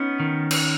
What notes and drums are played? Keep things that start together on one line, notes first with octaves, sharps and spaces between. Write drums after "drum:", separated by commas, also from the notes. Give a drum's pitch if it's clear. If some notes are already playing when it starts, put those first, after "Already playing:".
Already playing: B3 C#4 D#4
D#3
drum: cymbal